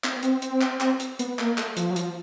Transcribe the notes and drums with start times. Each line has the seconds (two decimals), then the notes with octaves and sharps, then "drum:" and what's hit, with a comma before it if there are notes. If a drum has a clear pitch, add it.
0.04 C4, drum: clap
0.16 B3
0.23 C4, drum: hi-hat
0.42 drum: hi-hat
0.61 drum: clap
0.81 drum: clap
1.00 drum: hi-hat
1.19 B3, drum: hi-hat
1.39 A#3, drum: clap
1.58 A3, drum: clap
1.77 F3, drum: hi-hat
1.91 F#3
1.96 F3, drum: hi-hat